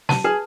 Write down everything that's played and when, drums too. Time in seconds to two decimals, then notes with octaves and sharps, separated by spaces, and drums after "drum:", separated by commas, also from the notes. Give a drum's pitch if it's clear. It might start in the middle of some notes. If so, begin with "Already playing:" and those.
0.09 A5, drum: snare
0.24 G#4 B4